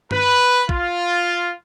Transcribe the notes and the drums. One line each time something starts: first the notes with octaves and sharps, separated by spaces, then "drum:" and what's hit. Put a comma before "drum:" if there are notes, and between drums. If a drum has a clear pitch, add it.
B4, drum: tom G2
F4, drum: kick